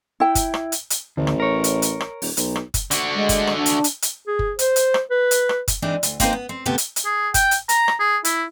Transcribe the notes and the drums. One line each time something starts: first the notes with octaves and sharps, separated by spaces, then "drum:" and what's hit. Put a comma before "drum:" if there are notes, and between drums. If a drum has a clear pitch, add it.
E4 G5
drum: kick F#1, hi-hat
drum: rim click
drum: hi-hat
drum: hi-hat
A1 D2
drum: rim click
A#4 C#5
drum: hi-hat
drum: hi-hat
drum: rim click
D#1, drum: open hi-hat
B1, drum: hi-hat
drum: rim click
drum: kick F#1, hi-hat
D3 F#4, drum: hi-hat
G#3
drum: kick F#1, hi-hat
drum: rim click
D4
drum: hi-hat
drum: hi-hat
drum: hi-hat
G#4
drum: kick F#1
C5, drum: hi-hat
drum: hi-hat
drum: rim click
B4
drum: hi-hat
drum: rim click
drum: kick F#1, hi-hat
E3 G#3 C4 D4 D#4
D2, drum: hi-hat
A#3 C4 D#4 G#4 B4 C5, drum: kick F#1, hi-hat
B3
C4
D2 C3 B3 G4 A4
drum: hi-hat
drum: hi-hat
G#4
G5, drum: kick F#1, hi-hat
drum: hi-hat
A#5, drum: hi-hat
drum: rim click
G#4
E4, drum: hi-hat